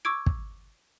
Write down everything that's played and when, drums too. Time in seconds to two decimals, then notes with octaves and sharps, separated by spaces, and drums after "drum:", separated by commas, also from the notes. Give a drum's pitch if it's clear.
0.05 C#6 D6 E6 G#6 D7
0.26 drum: kick